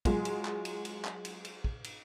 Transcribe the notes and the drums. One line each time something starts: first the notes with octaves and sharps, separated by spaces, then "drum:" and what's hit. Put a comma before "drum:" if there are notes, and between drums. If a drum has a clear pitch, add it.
F#3 G#3 F4, drum: kick, cymbal
drum: cymbal
drum: clap
drum: cymbal
drum: cymbal
drum: clap
drum: cymbal
drum: cymbal
drum: kick
drum: cymbal